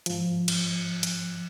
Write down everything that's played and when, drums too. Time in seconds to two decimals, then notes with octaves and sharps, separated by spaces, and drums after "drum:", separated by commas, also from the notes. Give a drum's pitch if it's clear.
0.06 G#2 F3, drum: hi-hat
0.48 drum: cymbal
1.03 drum: hi-hat